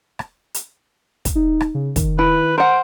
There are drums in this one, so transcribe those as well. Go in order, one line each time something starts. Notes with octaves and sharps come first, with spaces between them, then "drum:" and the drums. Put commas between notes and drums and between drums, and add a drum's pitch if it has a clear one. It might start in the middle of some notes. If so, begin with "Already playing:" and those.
drum: rim click
drum: hi-hat
drum: kick, hi-hat
D#4
drum: rim click
C#3
D#3, drum: kick, hi-hat
E4 B4
A#4 C5 F#5 D7